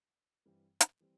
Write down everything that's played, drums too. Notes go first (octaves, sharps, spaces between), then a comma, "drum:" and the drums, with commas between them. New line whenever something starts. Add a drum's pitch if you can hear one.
G2 E3 G3 C4 G4
drum: hi-hat
E3 G3 C4